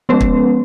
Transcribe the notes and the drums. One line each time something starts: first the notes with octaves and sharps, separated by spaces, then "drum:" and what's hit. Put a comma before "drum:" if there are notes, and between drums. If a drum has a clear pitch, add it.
F3 G#3 B3 C#4 B4
drum: kick